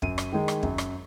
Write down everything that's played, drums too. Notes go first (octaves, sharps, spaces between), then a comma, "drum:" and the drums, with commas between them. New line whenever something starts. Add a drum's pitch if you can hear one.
F#2 D#7, drum: kick
drum: rim click
D#3 G#3 D#4
drum: rim click
F#2, drum: kick
drum: rim click